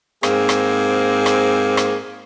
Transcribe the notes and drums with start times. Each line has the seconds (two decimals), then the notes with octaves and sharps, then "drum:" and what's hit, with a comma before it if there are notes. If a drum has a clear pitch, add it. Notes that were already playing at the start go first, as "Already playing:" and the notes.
0.23 G#2 A#3 C4 G#4, drum: rim click
0.49 drum: rim click
1.26 drum: rim click
1.77 drum: rim click